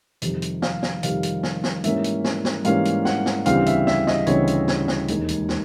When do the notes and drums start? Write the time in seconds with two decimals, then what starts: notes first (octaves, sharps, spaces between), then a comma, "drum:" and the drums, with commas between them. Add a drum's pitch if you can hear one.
0.22 F2 C3 D#3 G3, drum: hi-hat
0.42 drum: hi-hat
0.62 F5, drum: snare
0.83 drum: snare
1.03 F2 C3 D#3 G3 F5, drum: hi-hat
1.23 drum: hi-hat
1.43 drum: snare
1.64 drum: snare
1.84 G#2 E3 G3 A#3 C#4 E5, drum: hi-hat
2.04 drum: hi-hat
2.24 drum: snare
2.45 drum: snare
2.65 G#2 E3 G3 A#3 C#4 F5, drum: hi-hat
2.85 drum: hi-hat
3.05 F#5, drum: snare
3.26 drum: snare
3.46 D2 C#3 E3 G3 C4 F5, drum: hi-hat
3.66 E5, drum: hi-hat
3.87 E5, drum: snare
4.07 D#5, drum: snare
4.27 D2 C#3 E3 G3 C4 C#5, drum: hi-hat
4.47 drum: hi-hat
4.68 drum: snare
4.88 drum: snare
5.08 E1 D#2 D#3 G#3, drum: hi-hat
5.29 drum: hi-hat
5.49 drum: snare